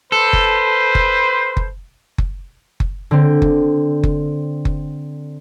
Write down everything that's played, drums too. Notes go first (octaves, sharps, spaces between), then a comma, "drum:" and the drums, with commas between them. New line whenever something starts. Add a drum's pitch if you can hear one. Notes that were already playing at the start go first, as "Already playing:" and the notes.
A4 B4 C5
drum: kick F#1
drum: kick F#1
drum: kick F#1
drum: kick F#1
drum: kick F#1
D3 C4
drum: kick F#1
drum: kick F#1
drum: kick F#1